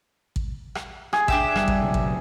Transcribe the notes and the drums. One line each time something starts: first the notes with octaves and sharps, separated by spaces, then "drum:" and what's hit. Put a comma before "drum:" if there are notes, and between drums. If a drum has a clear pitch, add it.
drum: kick
drum: rim click
G#4, drum: rim click
D4 G4 E5, drum: kick
G1 G3, drum: rim click
drum: kick
B1 C#3 F#3
drum: kick